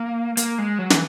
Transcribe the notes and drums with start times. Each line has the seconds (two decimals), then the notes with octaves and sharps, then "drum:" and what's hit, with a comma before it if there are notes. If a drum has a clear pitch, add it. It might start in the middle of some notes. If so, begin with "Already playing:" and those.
Already playing: A#3
0.37 A#3, drum: hi-hat
0.58 G#3
0.79 F#3
0.90 E3, drum: snare